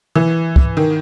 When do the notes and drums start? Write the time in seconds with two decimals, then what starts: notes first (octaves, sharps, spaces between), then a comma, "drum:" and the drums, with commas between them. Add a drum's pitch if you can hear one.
0.15 E3
0.56 drum: kick
0.77 D#3